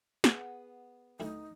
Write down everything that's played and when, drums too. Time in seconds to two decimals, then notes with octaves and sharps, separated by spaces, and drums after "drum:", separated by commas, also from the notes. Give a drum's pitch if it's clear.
0.24 B3 G#4 F#5, drum: snare
1.20 D2 D#4 E4